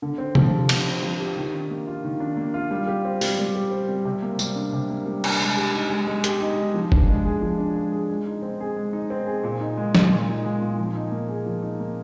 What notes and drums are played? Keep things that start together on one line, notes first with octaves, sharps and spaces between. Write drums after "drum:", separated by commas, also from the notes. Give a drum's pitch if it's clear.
D3
C4
F3, drum: tom C3
G4
D3, drum: cymbal
C4
F3
G4
D#3
D4
A#3
F4
D#3
D4
A#3
F4
G3
G4
C4
G3, drum: open hi-hat
G3
G4
C4
G3
C3
A#3
G3, drum: tambourine
D4
C3
A#3
G3
D4, drum: cymbal
G#3
G4
D#4
G#3
G#3
G4, drum: hi-hat
D#4
G#3
F3
D4, drum: kick
G#3
G#4
F3
D4
G#3
G#4
G#3
D#4
C4
G#4
G#3
D#4
C4
G#4
A#2
D#4
G#3
A#2, drum: snare
A#2
D#4
G#3
A#2
F3
D#4
A#3
G#4
F3
D#4
A#3